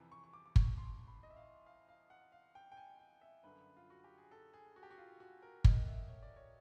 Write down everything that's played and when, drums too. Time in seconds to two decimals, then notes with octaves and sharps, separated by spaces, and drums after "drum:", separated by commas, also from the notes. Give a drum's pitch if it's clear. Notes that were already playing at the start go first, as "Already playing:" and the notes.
Already playing: F2 C3 E3
0.12 C#6
0.24 C#6
0.33 D6
0.46 D6
0.56 C#6, drum: kick
0.78 C6
1.08 B5
1.23 D#5
1.30 E5
1.36 F5
1.66 F5
1.89 F5
2.10 F#5
2.32 F5
2.55 G5
2.72 G5
2.77 G#5
2.99 G5
3.21 E5
3.43 G1 F#2 D3 B4
3.77 F4
3.90 F#4
4.04 G4
4.18 G#4
4.31 A4
4.54 G#4
4.76 F#4
4.83 G4
4.91 F#4
4.98 F4
5.20 F#4
5.42 A#4
5.64 D#5, drum: kick
5.87 E5
6.08 C#5
6.23 D5
6.36 C#5